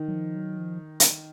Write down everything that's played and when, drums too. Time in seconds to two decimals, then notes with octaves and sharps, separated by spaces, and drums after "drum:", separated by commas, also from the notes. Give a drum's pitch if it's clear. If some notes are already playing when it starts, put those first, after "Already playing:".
Already playing: D#3
0.08 F#3
0.13 F3
0.36 F#3
0.58 F3
1.00 drum: hi-hat